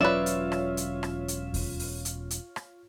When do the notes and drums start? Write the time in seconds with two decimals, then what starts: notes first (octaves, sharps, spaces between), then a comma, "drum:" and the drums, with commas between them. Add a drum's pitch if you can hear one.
0.01 E1 F#3 C#4 F4 B4 C#5 D5 E5
0.26 drum: hi-hat
0.52 drum: rim click
0.77 drum: hi-hat
1.03 drum: rim click
1.28 drum: hi-hat
1.54 drum: kick D#2, open hi-hat
1.79 drum: open hi-hat
2.05 drum: hi-hat
2.31 drum: hi-hat
2.56 drum: rim click